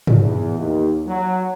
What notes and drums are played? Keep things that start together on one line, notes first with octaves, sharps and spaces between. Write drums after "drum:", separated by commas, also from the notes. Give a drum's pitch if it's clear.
drum: tom
E2
D#2
F#3